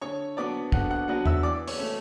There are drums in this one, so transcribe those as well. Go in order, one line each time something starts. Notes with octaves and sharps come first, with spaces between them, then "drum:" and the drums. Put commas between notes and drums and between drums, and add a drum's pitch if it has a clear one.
D3 C#5 C#6
F#3 B3 D4 D5 D6
D3 F#5 F#6, drum: kick
F#5 F#6
F#3 B3 D4 F#5 F#6
E5 E6, drum: tom E2
E3 D5 D6
C#5 C#6, drum: open hi-hat
A3 C#4